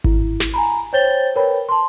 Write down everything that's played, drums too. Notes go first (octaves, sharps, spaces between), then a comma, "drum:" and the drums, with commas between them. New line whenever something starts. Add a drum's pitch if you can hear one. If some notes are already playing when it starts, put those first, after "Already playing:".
E4, drum: kick G#1
drum: snare
G#5 A#5 B5
C5 C#5 G5 G6 A6 G7
A#4 B4 C#5 G5 B5
A5 C6